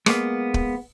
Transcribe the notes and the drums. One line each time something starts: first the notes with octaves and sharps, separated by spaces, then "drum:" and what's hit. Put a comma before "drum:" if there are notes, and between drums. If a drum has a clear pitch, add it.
G#3 A#3 B3, drum: rim click
drum: kick